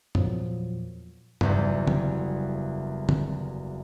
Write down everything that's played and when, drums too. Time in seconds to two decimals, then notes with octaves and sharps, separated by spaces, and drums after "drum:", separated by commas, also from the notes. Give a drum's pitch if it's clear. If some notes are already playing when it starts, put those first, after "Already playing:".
0.15 E2 A#2 F3 F#3, drum: tom
1.41 F#1 E2 G3, drum: tom G2
1.87 drum: tom
3.09 drum: tom